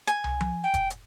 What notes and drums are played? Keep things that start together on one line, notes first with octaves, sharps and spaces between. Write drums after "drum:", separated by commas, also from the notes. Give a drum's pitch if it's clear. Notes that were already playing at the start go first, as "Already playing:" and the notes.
G#5, drum: hi-hat
drum: tom
drum: tom F3
G5
drum: kick F1, hi-hat
drum: hi-hat